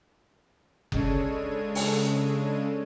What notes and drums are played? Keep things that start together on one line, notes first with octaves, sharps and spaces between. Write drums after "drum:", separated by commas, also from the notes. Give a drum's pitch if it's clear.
C#3 G#3 D4 A4 C#5 D#7, drum: kick F#1
drum: open hi-hat